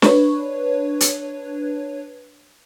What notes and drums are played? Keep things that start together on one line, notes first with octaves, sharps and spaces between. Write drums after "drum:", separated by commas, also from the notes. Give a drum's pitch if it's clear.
D4 B4 C#5, drum: snare
drum: hi-hat